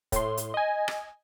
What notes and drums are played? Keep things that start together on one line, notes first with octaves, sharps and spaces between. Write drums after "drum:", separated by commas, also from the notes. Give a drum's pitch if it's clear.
A2 C6, drum: kick, hi-hat
drum: hi-hat
D#5 G#5
drum: rim click